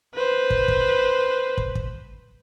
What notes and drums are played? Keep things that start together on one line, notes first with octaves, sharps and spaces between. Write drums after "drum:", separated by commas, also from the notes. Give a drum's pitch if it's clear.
B4 C5
drum: kick
drum: kick
drum: kick
drum: kick